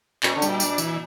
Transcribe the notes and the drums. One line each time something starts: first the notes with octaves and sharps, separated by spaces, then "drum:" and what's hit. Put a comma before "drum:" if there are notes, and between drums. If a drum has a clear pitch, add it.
A#2 C#4, drum: clap
D3
G3, drum: tambourine
A#2
D4, drum: tambourine
E3, drum: tambourine